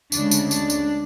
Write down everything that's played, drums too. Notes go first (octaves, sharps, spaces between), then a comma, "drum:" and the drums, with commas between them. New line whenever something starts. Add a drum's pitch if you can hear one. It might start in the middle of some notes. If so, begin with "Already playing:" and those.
D2 C#3 G#3 D4, drum: tambourine
drum: tambourine
D4, drum: tambourine
drum: tambourine